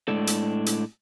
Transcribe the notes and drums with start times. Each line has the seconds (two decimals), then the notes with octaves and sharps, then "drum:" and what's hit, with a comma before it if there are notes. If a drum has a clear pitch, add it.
0.08 A2 G#3 D4 A4
0.27 drum: hi-hat
0.66 drum: hi-hat